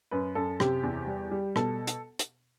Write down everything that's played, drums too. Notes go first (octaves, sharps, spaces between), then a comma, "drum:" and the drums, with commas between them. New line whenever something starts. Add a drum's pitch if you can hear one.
F#2 B4
F#2 A4
C3 G4, drum: rim click
E2
G3
G3
B2 A4, drum: rim click
drum: hi-hat
drum: hi-hat